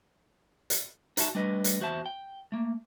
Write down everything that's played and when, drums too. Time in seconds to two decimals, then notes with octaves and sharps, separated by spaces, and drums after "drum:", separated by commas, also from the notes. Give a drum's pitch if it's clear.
0.70 drum: hi-hat
1.17 D#4 F#4 E5 A5, drum: hi-hat
1.35 G3 A3 D4 B4 D#5
1.64 drum: hi-hat
1.80 E2 F#4 C5 E5 A5
2.06 G5
2.52 A3 A#3